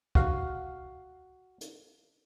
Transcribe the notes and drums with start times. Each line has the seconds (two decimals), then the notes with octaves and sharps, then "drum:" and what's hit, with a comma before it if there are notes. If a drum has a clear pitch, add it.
0.15 F#4 F5, drum: kick
1.61 drum: hi-hat